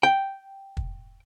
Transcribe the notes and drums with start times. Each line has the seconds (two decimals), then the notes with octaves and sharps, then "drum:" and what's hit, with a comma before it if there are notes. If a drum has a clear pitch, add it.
0.03 G5
0.77 drum: kick